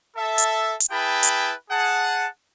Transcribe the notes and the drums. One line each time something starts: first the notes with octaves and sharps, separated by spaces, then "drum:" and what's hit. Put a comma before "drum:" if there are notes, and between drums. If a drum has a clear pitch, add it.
A4 E5 A5
drum: hi-hat
drum: hi-hat
E4 G#4 B4 G5 A5 B5
drum: hi-hat
G#4 F#5 A5